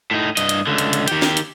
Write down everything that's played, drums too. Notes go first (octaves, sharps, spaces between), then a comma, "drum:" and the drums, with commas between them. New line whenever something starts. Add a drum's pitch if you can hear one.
A2 D#4
G2 D#5, drum: hi-hat
drum: hi-hat
C#2 D3
drum: hi-hat
drum: hi-hat
D#3 G4, drum: hi-hat
drum: snare
drum: hi-hat